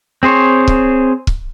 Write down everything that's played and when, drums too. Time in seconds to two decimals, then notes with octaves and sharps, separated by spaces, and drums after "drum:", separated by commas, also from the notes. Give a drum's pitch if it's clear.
0.23 C4 G#4 C5 C#5
0.68 drum: kick
1.27 drum: kick